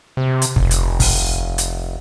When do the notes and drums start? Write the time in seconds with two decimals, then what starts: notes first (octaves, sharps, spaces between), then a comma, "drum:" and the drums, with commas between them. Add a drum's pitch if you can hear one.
0.17 C3
0.42 drum: hi-hat
0.56 F1, drum: kick
0.71 drum: hi-hat
1.00 drum: kick, open hi-hat
1.58 drum: hi-hat